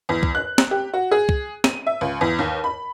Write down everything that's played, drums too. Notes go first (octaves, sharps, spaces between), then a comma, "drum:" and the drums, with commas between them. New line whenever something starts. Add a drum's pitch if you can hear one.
E2
drum: kick
F#6
drum: snare
G4
F#4
G#4
drum: kick
D#7, drum: snare
E5
C#2
E2
D#2
B5